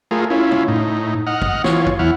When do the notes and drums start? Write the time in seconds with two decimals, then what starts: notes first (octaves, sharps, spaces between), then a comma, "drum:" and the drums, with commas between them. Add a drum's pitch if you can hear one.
0.11 A3 F4 G#4 A#4
0.30 C#4 E4 F4
0.52 drum: tom
0.68 A2 D#4
1.27 D#5 F#5 F6
1.42 drum: kick
1.64 E3 F4 C#5, drum: snare
1.87 drum: kick
1.99 E2 E4 F#5 F6